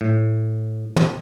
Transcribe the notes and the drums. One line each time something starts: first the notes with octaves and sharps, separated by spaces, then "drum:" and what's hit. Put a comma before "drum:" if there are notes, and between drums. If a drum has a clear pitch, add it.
A2
drum: tom